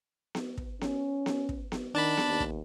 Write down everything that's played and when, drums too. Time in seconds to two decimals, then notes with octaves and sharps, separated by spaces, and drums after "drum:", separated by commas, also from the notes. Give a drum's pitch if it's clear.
0.35 drum: snare B3
0.57 drum: kick
0.81 C#4, drum: snare B3
1.26 drum: snare B3
1.49 drum: kick
1.72 drum: snare B3
1.95 D#3 D4 A5 B5
2.17 drum: snare B3
2.27 D#2
2.40 drum: kick